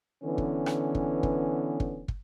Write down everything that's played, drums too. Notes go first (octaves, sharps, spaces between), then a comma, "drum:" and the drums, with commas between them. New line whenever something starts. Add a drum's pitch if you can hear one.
D3 E3 B3 C#4
drum: kick
drum: rim click
drum: kick
drum: kick
drum: kick
drum: kick